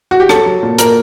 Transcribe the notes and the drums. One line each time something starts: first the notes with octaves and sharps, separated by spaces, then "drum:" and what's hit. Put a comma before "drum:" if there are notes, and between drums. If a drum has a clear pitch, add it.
F#4
G4
F#3 A4, drum: rim click
F#3
A#2
A#2 A#4, drum: hi-hat